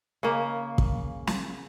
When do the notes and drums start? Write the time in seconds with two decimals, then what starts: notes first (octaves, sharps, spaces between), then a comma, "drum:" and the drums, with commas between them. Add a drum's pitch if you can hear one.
0.23 C#3 A#3
0.78 drum: kick
1.27 drum: snare